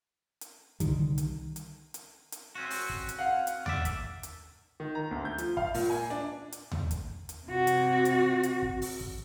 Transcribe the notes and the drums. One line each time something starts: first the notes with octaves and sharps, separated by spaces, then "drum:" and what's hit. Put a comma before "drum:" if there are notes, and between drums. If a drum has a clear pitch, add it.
drum: hi-hat
C2 D3 D#3 G3, drum: kick, hi-hat
drum: hi-hat
drum: hi-hat
drum: hi-hat
drum: hi-hat
C4 C#4 F#4
drum: open hi-hat
drum: kick
drum: hi-hat
F5 F#5
drum: hi-hat
D5 E5, drum: tom D#2
drum: kick, hi-hat
drum: hi-hat
D#3
A#5
D2
G6
F3, drum: hi-hat
F5, drum: kick
A#2, drum: open hi-hat
G#5
D4
drum: hi-hat
drum: tom D#2
drum: kick, hi-hat
drum: hi-hat
C3 F#4
drum: hi-hat
drum: hi-hat
drum: hi-hat
drum: kick
drum: open hi-hat
drum: kick